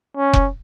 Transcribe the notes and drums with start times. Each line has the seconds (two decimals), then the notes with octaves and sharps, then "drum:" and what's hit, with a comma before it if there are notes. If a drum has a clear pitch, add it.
0.17 C#4
0.34 drum: kick F1